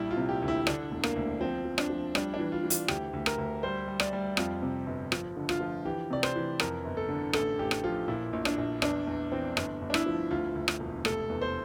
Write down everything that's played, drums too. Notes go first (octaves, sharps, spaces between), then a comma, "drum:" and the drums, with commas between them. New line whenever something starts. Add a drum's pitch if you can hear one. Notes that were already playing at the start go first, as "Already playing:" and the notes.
Already playing: A#1 G3 E4
F4
C3
G4
D2
E4
D3 D4, drum: rim click
E1
A#3, drum: rim click
D2
F3 C4
F3
D4, drum: rim click
F3
G3 D4, drum: rim click
D4
E3
F4
E3
F4, drum: hi-hat
D2 G4, drum: rim click
D2
A#4, drum: rim click
D2
G3 C5
G3
D5, drum: rim click
G3
F2 F4, drum: rim click
C3
G1
F3, drum: rim click
D3
F4, drum: rim click
F3
E3 G4
C3 D5
C5, drum: rim click
E3
F2 A#4, drum: rim click
G1
A4
D3
A1 A4, drum: rim click
A1 G4
drum: rim click
F3 F4
A#2 E4
A#1
D4, drum: rim click
A#1
E2 D4, drum: rim click
E2
E3 C4
G1 D4, drum: rim click
G1
D4
E4, drum: rim click
F3
D2 F4
D2
drum: rim click
E1
F1 A4, drum: rim click
E2
C5